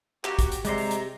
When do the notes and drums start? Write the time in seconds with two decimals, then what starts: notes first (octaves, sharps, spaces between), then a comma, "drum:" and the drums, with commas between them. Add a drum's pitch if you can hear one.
0.24 A#3 F#4 G4, drum: clap
0.39 drum: kick, hi-hat
0.52 drum: hi-hat
0.65 C3 G#3 D5 A#5 C6, drum: hi-hat
0.78 drum: open hi-hat
0.91 drum: hi-hat